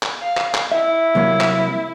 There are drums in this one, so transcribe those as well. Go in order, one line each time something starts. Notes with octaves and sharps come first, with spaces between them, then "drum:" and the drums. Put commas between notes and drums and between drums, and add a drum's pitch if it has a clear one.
drum: clap
F5
drum: clap
drum: clap
E4 E5
C2 F#3 A#3
drum: clap